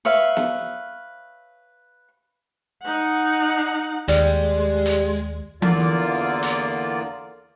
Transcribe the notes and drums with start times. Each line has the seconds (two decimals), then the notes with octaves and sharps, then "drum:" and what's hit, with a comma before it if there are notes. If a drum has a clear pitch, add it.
0.05 B4 C#5 E5 F5
0.37 drum: snare
2.84 D#4 F#5
4.08 D#2 G3 G#3, drum: hi-hat
4.86 drum: hi-hat
5.62 E2 D3 A#3 F4 D5, drum: tom E3
6.43 drum: hi-hat